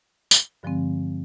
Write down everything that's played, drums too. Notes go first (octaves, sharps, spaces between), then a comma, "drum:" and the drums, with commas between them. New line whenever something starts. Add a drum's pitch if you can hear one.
drum: tambourine
G2 D3 F3 G#3 C4